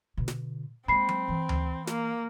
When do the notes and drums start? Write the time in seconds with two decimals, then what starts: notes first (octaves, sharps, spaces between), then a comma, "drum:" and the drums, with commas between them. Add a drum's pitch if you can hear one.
0.17 B2 D3
0.28 drum: snare
0.88 G#3 A#3 C4 B5 C7
1.09 drum: tom F#3
1.28 E3
1.49 drum: tom D2
1.87 A#3, drum: snare